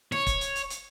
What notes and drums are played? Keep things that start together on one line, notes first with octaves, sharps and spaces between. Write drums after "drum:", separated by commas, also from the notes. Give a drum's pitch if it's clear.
C#5, drum: snare
drum: kick, hi-hat
drum: hi-hat
drum: hi-hat
drum: hi-hat